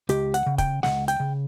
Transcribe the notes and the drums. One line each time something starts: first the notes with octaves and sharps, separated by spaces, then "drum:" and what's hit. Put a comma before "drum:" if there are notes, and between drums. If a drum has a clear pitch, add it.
C#2 G4, drum: hi-hat
F#5, drum: hi-hat
C#3
G5, drum: kick, hi-hat
C#2 F#5, drum: snare
G5, drum: hi-hat
C#3